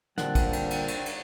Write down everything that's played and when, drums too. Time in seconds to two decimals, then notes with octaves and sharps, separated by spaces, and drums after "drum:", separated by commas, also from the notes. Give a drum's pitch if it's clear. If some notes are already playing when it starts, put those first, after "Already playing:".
0.18 A#2 D3 G3 C4 D4 F#5, drum: snare
0.35 drum: kick, cymbal
0.53 drum: cymbal
0.70 drum: cymbal
0.88 drum: cymbal
1.06 drum: cymbal